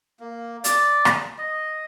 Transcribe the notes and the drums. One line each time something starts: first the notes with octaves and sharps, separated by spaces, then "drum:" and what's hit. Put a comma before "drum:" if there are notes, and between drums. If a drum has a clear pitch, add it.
A#3
D5, drum: hi-hat
drum: rim click
D#5